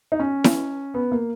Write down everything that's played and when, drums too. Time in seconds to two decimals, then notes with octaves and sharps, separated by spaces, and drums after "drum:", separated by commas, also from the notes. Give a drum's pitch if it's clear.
0.12 D#4
0.20 C#4
0.44 drum: snare E4
0.94 B3
1.12 A#3